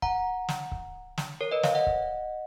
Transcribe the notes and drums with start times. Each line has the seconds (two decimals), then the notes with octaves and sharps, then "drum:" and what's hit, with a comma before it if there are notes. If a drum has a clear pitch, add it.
0.02 F#5 A#5, drum: kick C#1
0.49 drum: snare
0.72 drum: kick C#1
1.18 drum: snare
1.41 A#4 C#5
1.51 B4 D#5
1.63 C#5 F5, drum: snare
1.75 D#5 F#5
1.87 drum: kick C#1